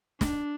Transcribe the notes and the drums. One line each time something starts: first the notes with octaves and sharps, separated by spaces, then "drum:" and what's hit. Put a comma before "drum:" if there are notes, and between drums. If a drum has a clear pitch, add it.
D4, drum: snare